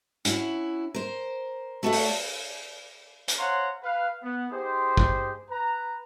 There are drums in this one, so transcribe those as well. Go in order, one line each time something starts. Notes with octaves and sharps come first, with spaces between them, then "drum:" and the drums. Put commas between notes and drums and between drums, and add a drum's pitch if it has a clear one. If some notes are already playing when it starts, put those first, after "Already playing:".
C#4 E4 F#4, drum: hi-hat
A#4 C5
A3 F#4 A4 B4 E5 F#5
drum: open hi-hat
drum: hi-hat
C5 C#5 F5 F#5 A#5 C6
B4 F5
B3
D#4 G4 G#4 C5
drum: kick
B4 A#5